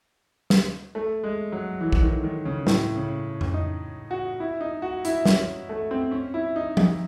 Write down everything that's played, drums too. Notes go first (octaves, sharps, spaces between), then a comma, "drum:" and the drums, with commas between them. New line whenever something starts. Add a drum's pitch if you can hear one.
drum: snare
A3
G#3
F#3
E3
drum: kick
D#3
D#3
C#3
A2, drum: snare
C#3
drum: tom F2
D#4
F#4
E4
D#4
F#4
E4, drum: hi-hat
C#4, drum: snare
A3
C4
C#4
E4
D#4
D#4, drum: tom F3